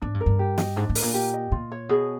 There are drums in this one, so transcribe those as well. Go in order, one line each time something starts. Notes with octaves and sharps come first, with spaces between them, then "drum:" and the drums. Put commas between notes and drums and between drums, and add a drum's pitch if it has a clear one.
G#2 D4
G2
A#4
G2
G4
D#5, drum: snare
G#2 D4
A2
A#4, drum: open hi-hat
A#2
G4
D#5
A#2 F4
C#5
B2 G#4